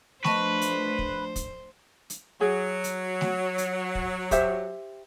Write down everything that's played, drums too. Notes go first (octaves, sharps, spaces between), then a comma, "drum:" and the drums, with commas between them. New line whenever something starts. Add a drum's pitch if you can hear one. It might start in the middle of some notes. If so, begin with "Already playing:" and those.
F3 A3 D4 B4 C5 D#5 A5 C#6, drum: snare A3
drum: hi-hat
drum: kick
drum: kick, hi-hat
drum: hi-hat
F#3 G#4
drum: hi-hat
drum: snare A3
drum: hi-hat
drum: kick
G4 C5 E5, drum: kick, hi-hat